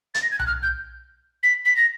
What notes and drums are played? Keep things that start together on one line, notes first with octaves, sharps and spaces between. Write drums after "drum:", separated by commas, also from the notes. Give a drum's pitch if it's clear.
A6, drum: hi-hat
A#6
G#6
F#6, drum: tom B1
F6
G6
B6
B6
A#6